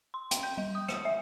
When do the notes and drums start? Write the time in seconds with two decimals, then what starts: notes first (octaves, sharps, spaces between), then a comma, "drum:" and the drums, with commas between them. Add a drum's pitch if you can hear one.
0.14 C6
0.31 G5, drum: hi-hat
0.43 G6
0.58 G3
0.75 D#6
0.88 C#7, drum: rim click
1.05 E5